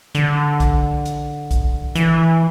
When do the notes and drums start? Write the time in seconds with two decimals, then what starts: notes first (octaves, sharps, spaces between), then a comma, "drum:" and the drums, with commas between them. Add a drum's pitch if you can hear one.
0.15 D3, drum: hi-hat
0.60 drum: kick B1, hi-hat
1.05 drum: hi-hat
1.51 drum: kick B1, hi-hat
1.95 E3, drum: hi-hat